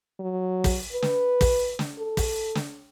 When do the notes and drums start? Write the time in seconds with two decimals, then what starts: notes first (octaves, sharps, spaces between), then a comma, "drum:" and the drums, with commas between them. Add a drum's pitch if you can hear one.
0.20 F#3
0.64 drum: kick, open hi-hat
0.93 B4
1.02 drum: snare
1.41 drum: kick, open hi-hat
1.79 drum: snare
1.98 A4
2.17 drum: kick, open hi-hat
2.55 drum: snare